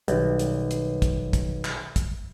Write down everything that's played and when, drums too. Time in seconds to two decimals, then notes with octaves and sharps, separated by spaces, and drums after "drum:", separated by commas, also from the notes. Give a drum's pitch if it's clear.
0.08 B1 D#3 G3, drum: hi-hat
0.39 drum: hi-hat
0.71 drum: hi-hat
1.02 drum: kick, hi-hat
1.33 drum: kick, hi-hat
1.65 drum: clap
1.96 drum: kick, hi-hat